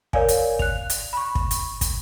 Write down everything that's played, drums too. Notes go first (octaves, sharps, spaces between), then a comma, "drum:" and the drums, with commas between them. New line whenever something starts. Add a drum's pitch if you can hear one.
A#4 C#5 D5 F5 G#5, drum: kick
drum: hi-hat
F#6 F7, drum: kick
drum: hi-hat
B5 C#6
drum: kick
drum: hi-hat
drum: kick, hi-hat